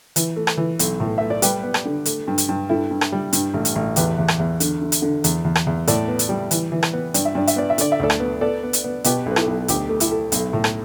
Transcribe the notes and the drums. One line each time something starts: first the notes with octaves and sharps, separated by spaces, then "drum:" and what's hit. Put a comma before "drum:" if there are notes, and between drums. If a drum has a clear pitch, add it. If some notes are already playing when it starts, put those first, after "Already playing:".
E3, drum: hi-hat
A3
drum: rim click
E3
B1, drum: hi-hat
A2
A3 E5
D5
G3 G4 B4, drum: hi-hat
B3
drum: rim click
D3
A3, drum: hi-hat
G2
drum: hi-hat
G2
G2 E4 A4
G2
drum: rim click
G3
G2, drum: hi-hat
A1
drum: hi-hat
A1
E2 G4 B4, drum: hi-hat
E2
drum: rim click
E2
D3, drum: hi-hat
D3
drum: hi-hat
D3
E2, drum: hi-hat
E2
drum: rim click
E2
A2 A4 D5, drum: hi-hat
B3
drum: hi-hat
G3
E3, drum: hi-hat
E3
drum: rim click
B3
G2 D5, drum: hi-hat
E5
G2 D5
E5, drum: hi-hat
B3 D5
E5
D3 D5, drum: hi-hat
E5
D2 A4 D5
drum: rim click
B3
B3 A4 D5
B3
drum: hi-hat
B3
B2 G4 B4, drum: hi-hat
B1 B4
E4 A4, drum: rim click
B1
D2 G4, drum: hi-hat
A3
E4 A4, drum: hi-hat
A3
B1, drum: hi-hat
A2
drum: rim click